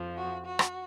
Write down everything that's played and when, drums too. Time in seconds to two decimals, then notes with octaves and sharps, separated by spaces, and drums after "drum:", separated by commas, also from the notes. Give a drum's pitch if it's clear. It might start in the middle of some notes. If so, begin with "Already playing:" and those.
Already playing: F2 F3
0.17 F#4
0.45 F#4
0.59 drum: rim click